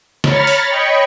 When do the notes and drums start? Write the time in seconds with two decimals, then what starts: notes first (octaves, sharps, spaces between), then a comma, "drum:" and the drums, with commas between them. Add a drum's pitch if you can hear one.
0.24 C#5 A#5 B5 C#6 F6 A6, drum: snare
0.47 drum: open hi-hat
0.68 C#5 D#5 G5 B5 C#6